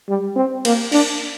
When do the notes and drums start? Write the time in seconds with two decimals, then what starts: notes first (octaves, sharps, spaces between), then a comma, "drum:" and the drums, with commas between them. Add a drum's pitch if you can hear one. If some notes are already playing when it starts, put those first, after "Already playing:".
0.09 G3
0.36 C4
0.65 A#3, drum: cymbal
0.92 D4, drum: cymbal